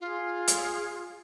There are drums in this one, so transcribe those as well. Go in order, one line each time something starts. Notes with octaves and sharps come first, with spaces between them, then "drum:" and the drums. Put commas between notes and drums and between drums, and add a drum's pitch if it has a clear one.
F4 G#4
drum: hi-hat